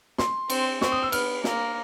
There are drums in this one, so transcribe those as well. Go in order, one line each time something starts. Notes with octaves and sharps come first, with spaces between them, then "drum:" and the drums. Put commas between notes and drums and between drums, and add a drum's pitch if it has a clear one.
C6, drum: snare
C4, drum: cymbal
C4 C#6, drum: snare
D#6
E6
B3 F6, drum: cymbal
A#3, drum: snare